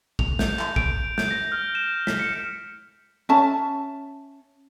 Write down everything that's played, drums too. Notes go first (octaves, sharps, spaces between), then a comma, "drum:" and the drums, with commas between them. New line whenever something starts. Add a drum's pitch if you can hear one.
F7, drum: kick
G6, drum: snare
drum: clap
D7, drum: kick
G6, drum: snare
A#6
F6
E7
B6, drum: snare
C#7
C#4 E5 A5